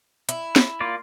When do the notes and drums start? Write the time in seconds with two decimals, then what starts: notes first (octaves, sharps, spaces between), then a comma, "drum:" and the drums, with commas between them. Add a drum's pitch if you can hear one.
0.29 E4, drum: hi-hat
0.56 drum: snare
0.80 A#3 F4 D5